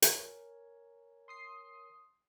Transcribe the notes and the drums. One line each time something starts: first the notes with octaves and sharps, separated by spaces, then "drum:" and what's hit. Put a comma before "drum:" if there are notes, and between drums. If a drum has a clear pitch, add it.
A#4 C#5 G#5, drum: hi-hat
C6 D#6 C7